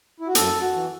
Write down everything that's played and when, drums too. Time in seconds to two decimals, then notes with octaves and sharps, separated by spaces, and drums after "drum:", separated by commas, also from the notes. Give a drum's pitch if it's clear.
0.20 E4
0.27 F#4
0.35 F#2 A4, drum: hi-hat
0.61 F#4
0.74 E3